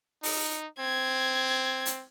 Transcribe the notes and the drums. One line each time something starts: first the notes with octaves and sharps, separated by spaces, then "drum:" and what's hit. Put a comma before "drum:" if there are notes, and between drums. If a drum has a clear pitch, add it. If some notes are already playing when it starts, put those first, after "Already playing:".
D#4, drum: open hi-hat
C4 G#6
drum: hi-hat